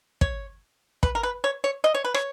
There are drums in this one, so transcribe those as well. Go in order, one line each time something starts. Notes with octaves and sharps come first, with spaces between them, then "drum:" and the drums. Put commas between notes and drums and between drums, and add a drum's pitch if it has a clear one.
C#5, drum: kick
B4, drum: kick
A#4
B4
C#5
C#5
D#5
C#5
B4
C#5, drum: rim click